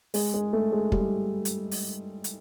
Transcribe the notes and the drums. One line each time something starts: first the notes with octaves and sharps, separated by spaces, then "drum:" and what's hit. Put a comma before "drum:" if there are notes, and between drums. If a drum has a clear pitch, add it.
G#3, drum: open hi-hat
G#3
A3
G#3
G3, drum: kick
drum: hi-hat
drum: open hi-hat
drum: hi-hat